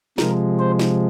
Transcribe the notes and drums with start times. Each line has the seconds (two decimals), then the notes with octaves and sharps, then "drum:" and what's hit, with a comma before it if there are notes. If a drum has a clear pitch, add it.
0.18 C3 F3 G#3 A#4, drum: snare
0.59 C5
0.79 drum: snare